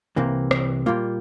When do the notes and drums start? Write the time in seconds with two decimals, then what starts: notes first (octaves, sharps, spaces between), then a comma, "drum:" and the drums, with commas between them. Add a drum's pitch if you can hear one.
0.16 C2 C3 E3 A#3
0.51 drum: rim click
0.86 A#2 G3 A#3 F4